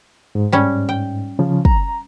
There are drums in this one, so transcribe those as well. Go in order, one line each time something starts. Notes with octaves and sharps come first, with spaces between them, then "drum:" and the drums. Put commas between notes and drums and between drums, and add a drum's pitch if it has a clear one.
G#2
G3 C#4
G5
C#3 F3
A#5, drum: kick